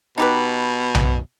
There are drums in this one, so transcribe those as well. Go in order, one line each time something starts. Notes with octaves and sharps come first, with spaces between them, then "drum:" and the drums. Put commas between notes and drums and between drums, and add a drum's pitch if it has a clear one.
B2 D#4 G4 B4
drum: tom B1